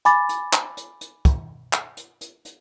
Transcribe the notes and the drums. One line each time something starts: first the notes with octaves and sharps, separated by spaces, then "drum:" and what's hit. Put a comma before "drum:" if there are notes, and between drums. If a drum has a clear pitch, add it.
G#5 B5 D6 A6, drum: hi-hat
drum: hi-hat
drum: clap
drum: hi-hat
drum: hi-hat
drum: kick, hi-hat
drum: clap
drum: hi-hat
drum: hi-hat
drum: hi-hat